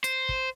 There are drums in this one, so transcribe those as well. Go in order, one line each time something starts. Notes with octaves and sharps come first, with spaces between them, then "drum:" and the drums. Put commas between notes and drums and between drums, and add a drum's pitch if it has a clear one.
C5, drum: hi-hat
drum: kick